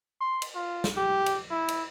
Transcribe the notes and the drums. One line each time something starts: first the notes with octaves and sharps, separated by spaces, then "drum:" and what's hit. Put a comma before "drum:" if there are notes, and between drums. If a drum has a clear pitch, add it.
C6
drum: cymbal
F4
drum: snare
G4
drum: cymbal
E4
drum: cymbal